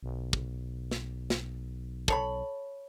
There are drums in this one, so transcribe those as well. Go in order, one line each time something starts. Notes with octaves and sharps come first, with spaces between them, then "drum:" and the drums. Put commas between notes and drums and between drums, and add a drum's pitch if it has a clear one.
B1
drum: kick
drum: snare
drum: snare
A4 C#5 B5, drum: kick